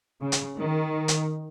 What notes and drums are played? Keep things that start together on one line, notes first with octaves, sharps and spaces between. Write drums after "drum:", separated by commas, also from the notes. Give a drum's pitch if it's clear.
C#3
drum: hi-hat
D#3
drum: hi-hat